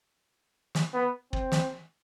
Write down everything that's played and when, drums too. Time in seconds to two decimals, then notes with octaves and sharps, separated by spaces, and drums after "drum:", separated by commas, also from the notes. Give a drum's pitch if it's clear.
0.75 drum: snare
0.94 B3
1.33 C4, drum: kick
1.52 drum: snare